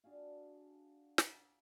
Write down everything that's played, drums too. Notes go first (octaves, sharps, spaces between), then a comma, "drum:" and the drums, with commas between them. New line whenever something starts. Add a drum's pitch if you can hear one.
D4 F#4 G#4 F5
drum: snare